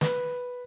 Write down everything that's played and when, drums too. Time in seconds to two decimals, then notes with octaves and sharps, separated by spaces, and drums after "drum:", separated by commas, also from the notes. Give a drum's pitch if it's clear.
0.01 B4, drum: snare